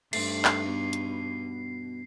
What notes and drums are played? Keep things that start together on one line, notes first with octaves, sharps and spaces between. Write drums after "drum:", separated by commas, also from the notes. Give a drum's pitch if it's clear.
G2 A3 C4 D#4 C7, drum: cymbal
drum: clap
B2
drum: hi-hat